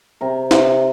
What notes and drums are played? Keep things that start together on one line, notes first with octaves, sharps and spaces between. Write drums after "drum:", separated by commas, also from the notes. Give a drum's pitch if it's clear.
C3 A#4
C3, drum: snare